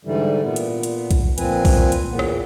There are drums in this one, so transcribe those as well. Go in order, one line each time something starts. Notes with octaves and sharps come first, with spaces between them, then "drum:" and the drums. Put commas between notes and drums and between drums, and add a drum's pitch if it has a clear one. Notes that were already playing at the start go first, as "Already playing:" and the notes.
G#2 D3 E3 G3
A#2 B3
drum: hi-hat
drum: hi-hat
drum: kick B1, hi-hat
A#2 F3 C4 B4 G#5, drum: hi-hat
drum: kick B1, open hi-hat
drum: hi-hat
E2 A#2 B3
drum: rim click